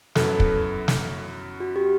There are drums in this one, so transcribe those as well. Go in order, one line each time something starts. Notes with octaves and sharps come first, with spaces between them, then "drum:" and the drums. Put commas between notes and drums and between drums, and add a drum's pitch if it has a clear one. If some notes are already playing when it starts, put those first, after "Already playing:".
F#2 F#3 B3 E4 A4, drum: snare
drum: kick
drum: snare
F#4
G4